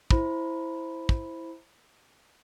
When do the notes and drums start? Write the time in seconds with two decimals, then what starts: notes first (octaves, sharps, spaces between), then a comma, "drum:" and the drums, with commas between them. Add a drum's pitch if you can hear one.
0.11 E4 C5 B5, drum: kick
1.09 drum: kick